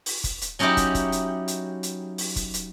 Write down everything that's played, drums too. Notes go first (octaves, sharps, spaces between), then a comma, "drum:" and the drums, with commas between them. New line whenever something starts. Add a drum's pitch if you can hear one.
drum: open hi-hat
drum: kick, hi-hat
drum: hi-hat
F#3 C#4 D#4 E4 G4
drum: kick, hi-hat
drum: kick, hi-hat
drum: hi-hat
drum: hi-hat
drum: hi-hat
drum: open hi-hat
drum: kick, hi-hat
drum: hi-hat